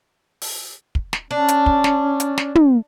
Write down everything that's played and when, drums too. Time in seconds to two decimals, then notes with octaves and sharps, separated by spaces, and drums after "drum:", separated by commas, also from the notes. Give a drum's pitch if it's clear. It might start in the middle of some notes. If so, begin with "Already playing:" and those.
0.41 drum: open hi-hat
0.95 drum: kick
1.13 drum: snare
1.31 C#4 D4
1.48 drum: hi-hat
1.66 drum: kick
1.84 drum: snare
2.20 drum: hi-hat
2.38 drum: snare
2.55 drum: tom